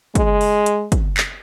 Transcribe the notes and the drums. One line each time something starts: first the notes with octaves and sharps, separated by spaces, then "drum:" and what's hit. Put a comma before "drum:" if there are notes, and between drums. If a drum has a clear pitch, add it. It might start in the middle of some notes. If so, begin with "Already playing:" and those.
G#3, drum: kick, hi-hat
drum: open hi-hat
drum: hi-hat
drum: kick, hi-hat
drum: clap